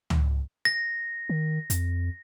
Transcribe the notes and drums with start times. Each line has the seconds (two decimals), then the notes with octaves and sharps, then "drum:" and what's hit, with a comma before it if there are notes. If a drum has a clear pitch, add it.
0.10 drum: tom C#2
0.65 A#6
1.30 D#3
1.70 F2, drum: hi-hat